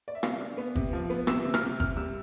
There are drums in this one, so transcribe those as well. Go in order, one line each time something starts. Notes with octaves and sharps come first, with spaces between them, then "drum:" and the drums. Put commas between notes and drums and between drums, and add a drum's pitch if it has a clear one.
D5
E5
C3 F5, drum: rim click
D4
B3
C3, drum: kick
F3
B3
C3 E6, drum: rim click
C3
F6, drum: rim click
C3
C3 F6, drum: kick
G3 E6